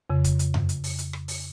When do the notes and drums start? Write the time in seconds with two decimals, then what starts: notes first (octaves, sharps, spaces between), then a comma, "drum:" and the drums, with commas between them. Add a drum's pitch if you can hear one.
0.10 F2 C#3
0.24 drum: kick, hi-hat
0.39 drum: hi-hat
0.54 drum: tom F#2
0.69 drum: hi-hat
0.84 drum: open hi-hat
0.98 drum: hi-hat
1.13 drum: rim click
1.28 drum: open hi-hat